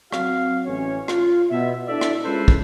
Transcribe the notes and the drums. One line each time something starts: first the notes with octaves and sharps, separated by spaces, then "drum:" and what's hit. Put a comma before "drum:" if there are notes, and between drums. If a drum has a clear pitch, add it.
F#3 C4 F#4 F5, drum: rim click
A1 C#4 C#5
F4, drum: rim click
B2 E5
D4 E4 A4 D5 E5
drum: rim click
G#3 C#4 F4 A4 B4 C5
drum: kick